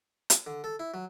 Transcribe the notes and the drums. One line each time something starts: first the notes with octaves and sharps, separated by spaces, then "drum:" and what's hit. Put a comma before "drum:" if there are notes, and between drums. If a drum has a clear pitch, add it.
drum: hi-hat
D3
A4
E4
F#3